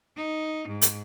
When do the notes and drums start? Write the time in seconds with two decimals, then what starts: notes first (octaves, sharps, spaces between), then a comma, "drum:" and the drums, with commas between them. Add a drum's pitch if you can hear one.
0.17 D#4
0.68 G#2
0.82 drum: hi-hat